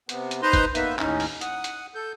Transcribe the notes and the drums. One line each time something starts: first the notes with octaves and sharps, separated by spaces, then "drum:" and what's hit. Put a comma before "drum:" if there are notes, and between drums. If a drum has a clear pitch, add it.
C3 B3, drum: hi-hat
drum: hi-hat
D#4 B4 C5 A#5 C6
drum: kick, hi-hat
A#3 B3 D#4 B4 E5, drum: hi-hat
D#2 A2 C#4 D#4, drum: clap
drum: open hi-hat
F#5 D#6, drum: hi-hat
drum: hi-hat
A4 G6